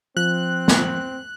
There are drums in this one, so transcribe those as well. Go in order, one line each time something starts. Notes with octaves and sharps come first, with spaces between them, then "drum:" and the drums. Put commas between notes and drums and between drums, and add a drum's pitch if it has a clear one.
F3 C4 F#6
drum: snare